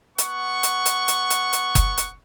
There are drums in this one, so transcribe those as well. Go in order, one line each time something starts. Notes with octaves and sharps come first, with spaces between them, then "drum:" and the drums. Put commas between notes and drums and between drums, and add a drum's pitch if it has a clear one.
B3 F#5 C#6, drum: hi-hat
drum: hi-hat
drum: hi-hat
drum: hi-hat
drum: hi-hat
drum: hi-hat
drum: kick F#1, hi-hat
drum: hi-hat